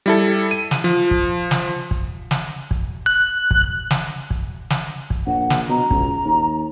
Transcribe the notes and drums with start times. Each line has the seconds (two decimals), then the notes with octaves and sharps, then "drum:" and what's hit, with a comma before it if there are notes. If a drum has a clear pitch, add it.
0.06 G3 E4 A4
0.51 D#7
0.71 drum: snare
0.84 F3
1.11 drum: kick
1.51 drum: snare
1.91 drum: kick
2.31 drum: snare
2.71 drum: kick
3.06 F#6
3.51 drum: kick
3.91 drum: snare
4.30 drum: kick
4.70 drum: snare
5.10 drum: kick
5.26 A#1 F#5
5.50 drum: snare
5.69 B2 A#5
5.91 C#2, drum: kick
6.25 D#2